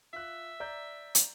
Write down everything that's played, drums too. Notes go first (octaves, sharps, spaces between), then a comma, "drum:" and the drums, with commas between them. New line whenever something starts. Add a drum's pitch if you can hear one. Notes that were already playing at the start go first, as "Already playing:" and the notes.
F4 E5 F#6
D5 A#5 G6
drum: hi-hat